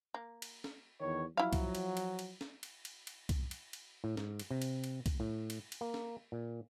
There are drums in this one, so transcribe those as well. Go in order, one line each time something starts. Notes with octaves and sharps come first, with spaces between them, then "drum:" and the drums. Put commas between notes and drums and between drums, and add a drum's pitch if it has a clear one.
A#3
drum: cymbal
drum: snare
E2 D#3 C#5
F3 F#3 E4 F5
drum: kick C2, cymbal
drum: cymbal
drum: cymbal
drum: cymbal
drum: snare
drum: cymbal
drum: cymbal
drum: cymbal
drum: kick C2, cymbal
drum: cymbal
drum: cymbal
A2
G#2, drum: snare
drum: cymbal
C3
drum: cymbal
drum: cymbal
drum: kick C2, cymbal
A2
drum: cymbal
drum: cymbal
A#3
drum: snare
A#2